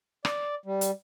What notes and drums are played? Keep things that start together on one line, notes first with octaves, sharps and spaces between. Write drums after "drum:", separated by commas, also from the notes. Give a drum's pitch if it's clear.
D5, drum: rim click
G3
drum: hi-hat